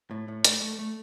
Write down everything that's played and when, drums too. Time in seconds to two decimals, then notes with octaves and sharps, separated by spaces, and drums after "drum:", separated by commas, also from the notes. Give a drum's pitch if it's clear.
0.11 A2
0.28 A2
0.45 A3 D5, drum: hi-hat
0.62 A3
0.79 A3